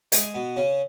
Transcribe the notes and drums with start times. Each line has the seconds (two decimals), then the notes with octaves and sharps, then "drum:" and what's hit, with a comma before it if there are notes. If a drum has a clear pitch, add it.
0.12 G#3 G#4, drum: hi-hat
0.34 B2 B3
0.56 C#3 C#4